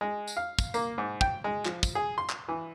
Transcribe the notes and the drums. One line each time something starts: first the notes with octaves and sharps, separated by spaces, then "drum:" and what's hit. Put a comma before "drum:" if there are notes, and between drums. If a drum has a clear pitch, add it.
G#3
drum: tambourine
F5
drum: kick, tambourine
A#3, drum: tambourine
G#2
G5, drum: kick
G#3
F3, drum: clap
drum: kick, tambourine
G#4
C6
drum: clap
E3